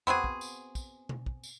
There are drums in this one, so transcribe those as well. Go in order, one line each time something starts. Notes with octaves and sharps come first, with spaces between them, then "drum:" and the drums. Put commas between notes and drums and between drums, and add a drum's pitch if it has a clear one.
B3 C4 F#4 G#4, drum: tom E2
drum: kick
drum: tambourine
drum: kick, tambourine
drum: tom B2
drum: kick
drum: tambourine